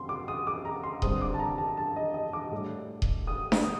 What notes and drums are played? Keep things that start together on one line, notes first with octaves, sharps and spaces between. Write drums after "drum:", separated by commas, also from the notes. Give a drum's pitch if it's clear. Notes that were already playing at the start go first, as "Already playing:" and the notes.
Already playing: F#1 F#2 C4 C6
D6
D#6
D6
A#5
C6
G2 D3 G3 C4 D#6, drum: kick D#1
D6
A5
A#5
A5
A5
D#5
D#5
D6
A2 G3 D4
drum: kick D#1
D#6
drum: snare D4
D#6